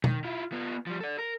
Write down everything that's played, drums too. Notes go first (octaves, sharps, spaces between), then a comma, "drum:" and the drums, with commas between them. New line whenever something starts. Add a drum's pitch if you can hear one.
D#3, drum: tom B2
E4 F4
B3 F4
F3 G3
A4 D5
A#4